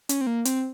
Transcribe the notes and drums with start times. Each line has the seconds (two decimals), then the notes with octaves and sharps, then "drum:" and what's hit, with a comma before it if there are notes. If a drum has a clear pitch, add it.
0.09 C#4, drum: hi-hat
0.21 C4
0.27 A#3
0.45 C4, drum: hi-hat